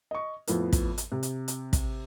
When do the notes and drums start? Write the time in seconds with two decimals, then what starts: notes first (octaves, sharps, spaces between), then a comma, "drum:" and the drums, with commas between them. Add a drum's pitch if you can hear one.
0.11 D#5 C#6
0.47 F2 A2 B3, drum: hi-hat
0.73 drum: kick, hi-hat
0.98 drum: hi-hat
1.12 C3
1.23 drum: hi-hat
1.48 drum: hi-hat
1.73 drum: kick, hi-hat